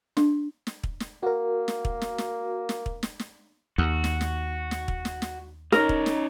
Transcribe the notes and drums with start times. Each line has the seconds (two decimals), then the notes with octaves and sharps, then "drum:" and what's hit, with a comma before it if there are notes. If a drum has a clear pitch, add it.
0.17 D4, drum: snare
0.67 drum: snare
0.84 drum: kick
1.00 drum: snare
1.23 A#3 F#4 A#4
1.68 drum: snare
1.85 drum: kick
2.01 drum: snare
2.18 drum: snare
2.69 drum: snare
2.86 drum: kick
3.03 drum: snare
3.19 drum: snare
3.78 D#2 F#4
4.04 drum: snare
4.21 drum: snare
4.71 drum: snare
4.88 drum: kick
5.05 drum: snare
5.22 drum: snare
5.72 C#4 D#4 A#4 C#5 D#5 A#5, drum: snare
5.89 drum: kick
6.06 drum: snare